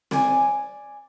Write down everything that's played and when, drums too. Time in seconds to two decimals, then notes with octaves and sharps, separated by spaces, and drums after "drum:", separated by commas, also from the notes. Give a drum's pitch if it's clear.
0.11 D5 G#5, drum: snare C4